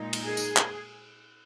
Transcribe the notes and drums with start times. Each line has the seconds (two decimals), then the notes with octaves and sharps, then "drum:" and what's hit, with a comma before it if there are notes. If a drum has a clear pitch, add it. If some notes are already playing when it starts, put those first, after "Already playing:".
Already playing: A#2 G#3 D#4
0.13 drum: cymbal
0.23 G#4
0.37 drum: tambourine
0.56 drum: clap